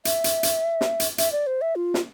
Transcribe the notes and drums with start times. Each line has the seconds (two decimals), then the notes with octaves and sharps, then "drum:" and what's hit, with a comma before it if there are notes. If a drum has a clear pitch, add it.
0.05 E5, drum: hi-hat
0.24 drum: hi-hat
0.43 drum: hi-hat
0.81 drum: snare
1.00 drum: hi-hat
1.18 E5, drum: hi-hat
1.32 D5
1.47 C5
1.61 E5
1.76 F4
1.94 drum: snare